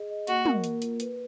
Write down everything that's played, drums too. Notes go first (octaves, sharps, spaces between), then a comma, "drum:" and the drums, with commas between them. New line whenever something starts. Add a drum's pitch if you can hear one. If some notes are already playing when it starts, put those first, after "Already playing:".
Already playing: G#4 D#5
D#5
A#3 F#4, drum: hi-hat
A#4, drum: tom
A#3, drum: hi-hat
F4, drum: hi-hat
B4, drum: hi-hat